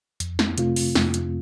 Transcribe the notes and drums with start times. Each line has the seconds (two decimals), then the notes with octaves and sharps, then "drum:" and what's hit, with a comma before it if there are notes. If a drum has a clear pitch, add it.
0.20 F2, drum: hi-hat
0.39 drum: snare
0.58 C3 A3 C4 F4, drum: hi-hat
0.76 drum: open hi-hat
0.95 F2, drum: snare
1.14 drum: hi-hat